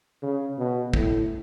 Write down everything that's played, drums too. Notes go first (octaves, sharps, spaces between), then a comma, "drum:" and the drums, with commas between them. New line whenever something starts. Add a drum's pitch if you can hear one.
C#3
B2
A2, drum: kick